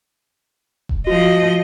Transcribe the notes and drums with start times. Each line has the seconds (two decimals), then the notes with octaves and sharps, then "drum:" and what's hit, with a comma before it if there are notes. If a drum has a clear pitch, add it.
0.89 drum: kick E1
1.07 F3 F#4 D#5